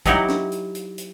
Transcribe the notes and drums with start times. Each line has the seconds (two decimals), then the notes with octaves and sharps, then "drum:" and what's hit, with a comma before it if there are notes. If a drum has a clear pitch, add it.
0.06 F#3 D#4 E4 F#4 G4, drum: kick, hi-hat
0.29 drum: snare
0.52 drum: hi-hat
0.75 drum: hi-hat
0.98 drum: hi-hat